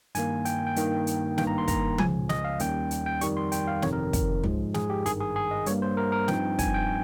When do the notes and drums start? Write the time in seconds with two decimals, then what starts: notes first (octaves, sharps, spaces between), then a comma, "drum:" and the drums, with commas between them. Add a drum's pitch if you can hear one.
0.15 G2 D#3 A#3 G#5, drum: hi-hat
0.45 G5, drum: hi-hat
0.67 G5
0.76 G2 D#3 A#3, drum: hi-hat
1.07 drum: hi-hat
1.38 G#1 G2 D#3 A#3 G5, drum: snare
1.47 A#5
1.58 C6
1.68 A#5, drum: kick, hi-hat
1.98 C#2 C#3 F3 G#5, drum: tom F3
2.29 D#5, drum: snare
2.44 F5
2.60 D#2 D#3 G3 C#4 G5, drum: hi-hat
2.91 drum: hi-hat
3.06 G5
3.21 F2 D#3 G3 C#6, drum: hi-hat
3.37 C6
3.52 G5, drum: hi-hat
3.68 F5
3.82 G1 F2 C3 D#3 C#5, drum: snare
3.93 A#4
4.13 drum: kick, hi-hat
4.44 G#2 F3 G#3, drum: tom
4.74 G#4, drum: snare
4.90 G4
5.06 G#1 G2 D#3 G#4, drum: hi-hat
5.20 G#4
5.36 G#4
5.51 D#5
5.66 G2 G3 A#3 C#5, drum: hi-hat
5.82 C5
5.97 A#4
6.12 A#4
6.28 G2 F3 C4 D#4 G5, drum: snare
6.59 G#5, drum: kick, hi-hat
6.74 G5